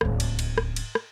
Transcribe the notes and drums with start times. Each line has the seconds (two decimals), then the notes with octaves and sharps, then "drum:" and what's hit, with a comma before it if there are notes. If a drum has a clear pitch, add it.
0.01 D1 C#2, drum: rim click
0.20 drum: cymbal
0.39 drum: cymbal
0.58 drum: rim click
0.76 drum: cymbal
0.95 drum: rim click